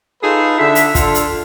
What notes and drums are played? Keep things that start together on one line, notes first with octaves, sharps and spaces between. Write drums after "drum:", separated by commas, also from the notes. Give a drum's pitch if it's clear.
D#4 F4 G#4 A4 B4
D3 E5
drum: hi-hat
D3 D4 F4 A4, drum: kick, hi-hat
drum: hi-hat